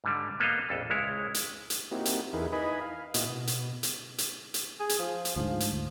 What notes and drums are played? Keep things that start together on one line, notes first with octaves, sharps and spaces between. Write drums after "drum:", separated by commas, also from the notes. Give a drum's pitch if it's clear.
G#2 D3 G3
A#3 B3 A4 D#5 F5
A#1 F2 A4
C#2 C#3 G#3 E4 C#5
drum: hi-hat
drum: hi-hat
A#3 C4 D#4 E4 F#4 G4
drum: hi-hat
E2 D#4 E4 G#4 A#4 B4
D#4 E4 B4 D#5 G#5 B5
F5
A#2 B3 E4 F#4 D#5, drum: hi-hat
B2
drum: hi-hat
drum: hi-hat
drum: hi-hat
drum: hi-hat
G#4
drum: hi-hat
F3
drum: hi-hat
D2 G#2 F3
drum: hi-hat